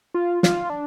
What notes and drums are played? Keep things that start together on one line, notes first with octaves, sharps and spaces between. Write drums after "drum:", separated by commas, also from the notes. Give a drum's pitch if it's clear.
F4
F4, drum: snare
D4